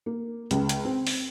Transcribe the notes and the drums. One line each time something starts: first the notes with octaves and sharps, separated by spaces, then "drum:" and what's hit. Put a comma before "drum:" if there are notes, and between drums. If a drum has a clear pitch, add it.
A#3
C#2, drum: hi-hat
drum: hi-hat
C4
drum: open hi-hat